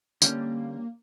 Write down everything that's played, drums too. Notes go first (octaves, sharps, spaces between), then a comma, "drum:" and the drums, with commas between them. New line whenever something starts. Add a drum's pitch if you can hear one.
D3 G3 A#3 C#4, drum: tambourine